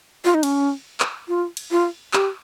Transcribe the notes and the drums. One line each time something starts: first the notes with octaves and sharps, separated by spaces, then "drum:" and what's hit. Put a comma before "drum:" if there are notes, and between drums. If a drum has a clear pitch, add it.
F4
D#4
C#4, drum: cymbal
drum: clap
F4
drum: cymbal
F4
G4, drum: clap